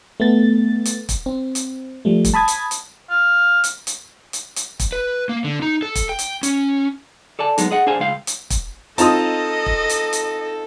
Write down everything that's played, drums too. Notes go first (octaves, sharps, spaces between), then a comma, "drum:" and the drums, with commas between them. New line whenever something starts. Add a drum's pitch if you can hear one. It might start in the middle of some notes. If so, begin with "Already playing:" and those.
A3 B3 A6
drum: hi-hat
drum: kick, hi-hat
C4
drum: hi-hat
F3 G3 A3
drum: kick, hi-hat
A5 B5 D#6 G#6 A6
drum: hi-hat
drum: hi-hat
F5
drum: hi-hat
drum: hi-hat
drum: hi-hat
drum: hi-hat
drum: kick, hi-hat
B4
A#3
D3
D#4
A4
drum: kick, hi-hat
G5
drum: hi-hat
C#4, drum: hi-hat
A4 D5 G#5 A5
F#3 G#3 B3 D#4, drum: hi-hat
G#4 D#5 F#5
D4 G#4 C5 F5 G#5
C#2 G#3 F5 G5
drum: hi-hat
drum: kick, hi-hat
C4 D#4 F4 A4 D#5 A5 A#5 D#6, drum: hi-hat
drum: kick
drum: hi-hat
drum: hi-hat